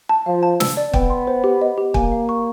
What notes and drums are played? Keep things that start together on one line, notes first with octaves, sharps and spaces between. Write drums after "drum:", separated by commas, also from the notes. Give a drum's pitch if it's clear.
A5
F3 F5
A5
E6, drum: snare
D5
B3 G5, drum: kick
C6
C5
G4
D#5
G4
A#3 G#5, drum: kick
F5
C#6